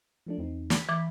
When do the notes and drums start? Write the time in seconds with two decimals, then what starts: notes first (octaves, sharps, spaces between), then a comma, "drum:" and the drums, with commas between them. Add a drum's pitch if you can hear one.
0.26 F3 A3 D4
0.38 E2 C4 D#4
0.70 B5 B6, drum: snare
0.89 E3 D6